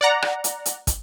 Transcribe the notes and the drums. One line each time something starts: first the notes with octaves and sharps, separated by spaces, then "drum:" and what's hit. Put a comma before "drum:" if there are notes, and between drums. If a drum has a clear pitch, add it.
D5 F#5 A#5
drum: rim click
drum: hi-hat
drum: hi-hat
drum: kick, hi-hat